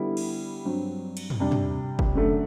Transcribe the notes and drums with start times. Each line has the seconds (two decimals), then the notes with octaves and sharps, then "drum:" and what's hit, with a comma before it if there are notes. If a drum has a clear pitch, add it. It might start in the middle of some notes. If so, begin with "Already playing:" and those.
Already playing: D3 G3 B3 E4
0.17 drum: cymbal
0.65 G2 F#3 C4
1.17 drum: cymbal
1.30 drum: tom
1.40 C3 G3 D4
1.51 drum: tom
1.99 drum: kick
2.15 F#2 D3 A3